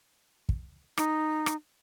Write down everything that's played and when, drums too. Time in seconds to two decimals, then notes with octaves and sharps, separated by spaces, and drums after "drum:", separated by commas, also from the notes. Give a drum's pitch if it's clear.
0.49 drum: kick
0.97 D#4, drum: rim click
1.46 drum: rim click